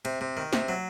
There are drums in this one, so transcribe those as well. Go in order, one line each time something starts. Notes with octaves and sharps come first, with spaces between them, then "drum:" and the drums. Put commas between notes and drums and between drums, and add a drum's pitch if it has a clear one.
C3, drum: cymbal
C3
D#3
C3, drum: snare
F#3